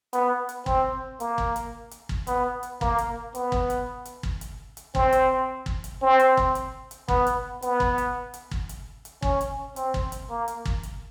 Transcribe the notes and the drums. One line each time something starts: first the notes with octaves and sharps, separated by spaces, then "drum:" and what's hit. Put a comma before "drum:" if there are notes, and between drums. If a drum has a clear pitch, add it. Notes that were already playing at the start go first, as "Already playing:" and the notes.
B3, drum: hi-hat
drum: hi-hat
C4, drum: kick
A#3, drum: hi-hat
drum: kick
drum: hi-hat
drum: hi-hat
drum: kick
B3, drum: hi-hat
drum: hi-hat
A#3, drum: kick
drum: hi-hat
B3, drum: hi-hat
drum: kick
drum: hi-hat
drum: hi-hat
drum: kick
drum: hi-hat
drum: hi-hat
C4, drum: kick
drum: hi-hat
drum: kick
drum: hi-hat
C4
drum: hi-hat
drum: kick
drum: hi-hat
drum: hi-hat
B3, drum: kick
drum: hi-hat
B3, drum: hi-hat
drum: kick
drum: hi-hat
drum: hi-hat
drum: kick
drum: hi-hat
drum: hi-hat
C#4, drum: kick
drum: hi-hat
C4, drum: hi-hat
drum: kick
drum: hi-hat
A#3
drum: hi-hat
drum: kick
drum: hi-hat